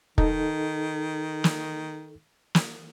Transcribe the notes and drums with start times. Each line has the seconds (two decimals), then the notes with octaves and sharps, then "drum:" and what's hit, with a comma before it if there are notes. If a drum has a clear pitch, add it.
0.18 D#3 D#4 A4, drum: kick
1.44 drum: snare
2.55 drum: snare